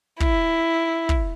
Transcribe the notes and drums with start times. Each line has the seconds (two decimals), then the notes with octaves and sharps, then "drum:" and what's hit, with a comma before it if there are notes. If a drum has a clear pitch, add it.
0.20 E4, drum: kick
1.09 drum: kick